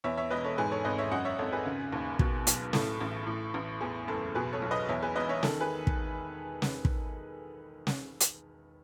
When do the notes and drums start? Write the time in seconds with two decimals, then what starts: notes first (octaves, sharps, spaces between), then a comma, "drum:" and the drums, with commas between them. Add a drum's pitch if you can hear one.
0.04 E2 C#5 E5
0.17 C#5 E5
0.30 E1 B4 D#5
0.44 A4 C#5
0.58 G#2 G#4 B4
0.71 A4 C#5
0.85 G#1 B4 D#5
0.98 C#5 E5
1.11 F#2 D#5 F#5
1.25 C#5 E5
1.39 G#1 A4 C#5
1.52 G#4 B4
1.66 C#3
1.93 D#2
2.19 B2, drum: kick
2.47 B1, drum: hi-hat
2.73 A2 A4, drum: snare
3.01 A1
3.27 A2
3.54 A1
3.81 E2 G#4
4.08 F#1 A4
4.35 B2 G#4 B4
4.53 A4 C#5
4.62 B1
4.71 B4 D#5
4.89 E2 C#5 E5
5.02 G#4 B4
5.16 E1 B4 D#5
5.29 C#5 E5
5.43 D#3 A4, drum: snare
5.60 G#4 B4
5.87 drum: kick
6.62 drum: snare
6.85 drum: kick
7.87 drum: snare
8.20 drum: hi-hat